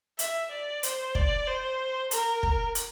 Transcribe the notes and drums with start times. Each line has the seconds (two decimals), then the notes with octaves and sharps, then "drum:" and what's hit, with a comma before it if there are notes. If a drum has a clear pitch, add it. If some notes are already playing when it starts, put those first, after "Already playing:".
0.19 E5, drum: hi-hat
0.51 D5
0.83 C5, drum: hi-hat
1.15 D5, drum: kick
1.47 C5
2.11 A#4, drum: hi-hat
2.43 drum: kick
2.75 drum: hi-hat